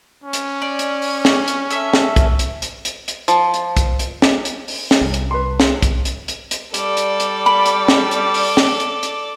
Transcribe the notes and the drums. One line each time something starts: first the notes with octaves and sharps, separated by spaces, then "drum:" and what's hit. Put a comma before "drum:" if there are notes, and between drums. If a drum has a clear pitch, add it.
C#4
drum: hi-hat
D5
drum: hi-hat
drum: open hi-hat
drum: snare
drum: hi-hat
A4 E5, drum: hi-hat
drum: snare
drum: kick, hi-hat
drum: hi-hat
drum: hi-hat
drum: hi-hat
drum: hi-hat
F3, drum: hi-hat
drum: hi-hat
drum: kick, hi-hat
drum: hi-hat
drum: snare
drum: hi-hat
drum: open hi-hat
drum: snare
C2
drum: hi-hat
B4 C6
drum: snare
drum: kick, hi-hat
drum: hi-hat
drum: hi-hat
drum: hi-hat
G3 A4 D5, drum: hi-hat
drum: hi-hat
drum: hi-hat
B5
drum: hi-hat
drum: snare
drum: hi-hat
drum: open hi-hat
drum: snare
drum: hi-hat
drum: hi-hat